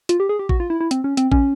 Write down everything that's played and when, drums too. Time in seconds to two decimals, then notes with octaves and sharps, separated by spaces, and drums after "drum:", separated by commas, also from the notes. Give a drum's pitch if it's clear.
0.09 F4, drum: hi-hat
0.20 G4
0.29 G#4
0.39 G4
0.49 F#4, drum: kick
0.60 F4
0.70 E4
0.81 E4
0.91 C4, drum: hi-hat
1.04 C#4
1.17 C4, drum: hi-hat
1.32 C#4, drum: kick